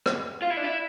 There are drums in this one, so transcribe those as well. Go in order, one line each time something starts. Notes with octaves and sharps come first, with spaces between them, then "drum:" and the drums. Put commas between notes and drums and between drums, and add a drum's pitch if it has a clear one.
drum: rim click
F4
E4
D4
E4